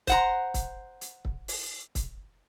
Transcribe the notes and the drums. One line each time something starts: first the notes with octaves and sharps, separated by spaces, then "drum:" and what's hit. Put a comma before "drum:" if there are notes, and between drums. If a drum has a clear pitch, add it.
C5 F#5 A#5, drum: kick, hi-hat
drum: kick, hi-hat
drum: hi-hat
drum: kick
drum: open hi-hat
drum: kick, hi-hat